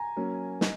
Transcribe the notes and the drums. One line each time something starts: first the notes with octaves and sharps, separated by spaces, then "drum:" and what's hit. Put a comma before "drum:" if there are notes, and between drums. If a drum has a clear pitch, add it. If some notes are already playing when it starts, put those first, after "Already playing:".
Already playing: G#5 A#5
F#3 A#3 C#4
D#5, drum: snare